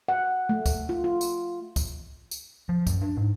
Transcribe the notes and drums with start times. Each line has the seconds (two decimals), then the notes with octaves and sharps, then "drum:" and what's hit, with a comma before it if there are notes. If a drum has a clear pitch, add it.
0.08 F#5
0.49 A3
0.66 drum: kick, tambourine
0.89 F4
1.04 F4
1.21 drum: tambourine
1.76 drum: kick, tambourine
2.31 drum: tambourine
2.69 F3
2.87 F#2, drum: kick, tambourine
3.02 D4
3.17 G#2